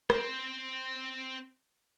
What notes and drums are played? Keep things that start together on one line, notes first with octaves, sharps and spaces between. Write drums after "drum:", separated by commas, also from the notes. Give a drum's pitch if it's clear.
C4 C5, drum: rim click